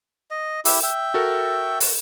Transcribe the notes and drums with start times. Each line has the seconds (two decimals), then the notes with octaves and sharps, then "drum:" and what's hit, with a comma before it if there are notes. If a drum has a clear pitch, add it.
0.31 D#5
0.65 E4 G4 E5, drum: open hi-hat
0.83 E5 G5
1.14 F#4 A4 A#4
1.80 drum: open hi-hat